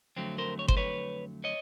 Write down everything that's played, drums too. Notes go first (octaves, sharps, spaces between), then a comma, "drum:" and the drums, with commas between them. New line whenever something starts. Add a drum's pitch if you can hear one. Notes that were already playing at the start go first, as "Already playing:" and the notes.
F2 D3 F#3 A3 C4
A#4 C5
C#5
C5, drum: kick G1
B4 C#5
C#5 D#5